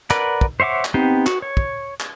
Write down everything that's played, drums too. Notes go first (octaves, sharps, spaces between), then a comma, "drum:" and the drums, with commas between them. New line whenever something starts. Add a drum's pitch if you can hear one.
A#4 B4 D5 F#5, drum: clap
drum: kick
C5 C#5 E5 F#5 D6
drum: clap
B3 C4 D#4 G4
F#4, drum: clap
C#5
drum: kick
drum: clap